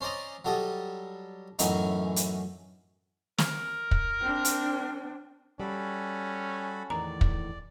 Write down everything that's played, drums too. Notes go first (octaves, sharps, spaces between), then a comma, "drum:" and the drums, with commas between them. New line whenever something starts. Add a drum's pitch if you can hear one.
C#4 C5 D5 D#5 A#5
F#3 G3 A4 D#5
F#2 A2 E3 C#4 D#4, drum: hi-hat
drum: hi-hat
A#4, drum: snare
drum: kick
C4 D4
drum: hi-hat
G3 C#4 F#4 A4 B5
E2 A2 D#3 D5 A#5
drum: kick